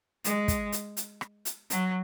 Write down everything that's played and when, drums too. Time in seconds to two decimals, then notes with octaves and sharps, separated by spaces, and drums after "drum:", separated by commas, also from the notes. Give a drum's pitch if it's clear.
0.24 G#3, drum: hi-hat
0.48 drum: kick, hi-hat
0.72 drum: hi-hat
0.97 drum: hi-hat
1.21 drum: rim click
1.45 drum: hi-hat
1.70 F#3, drum: hi-hat